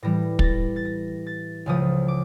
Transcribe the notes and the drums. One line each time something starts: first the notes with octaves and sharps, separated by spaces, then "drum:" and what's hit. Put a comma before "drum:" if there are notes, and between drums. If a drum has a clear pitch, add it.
A2 E3 G3 A#6
A6 A#6, drum: kick
A6
A#6
A6
C#2 C#3 F3 A3 D#6
D6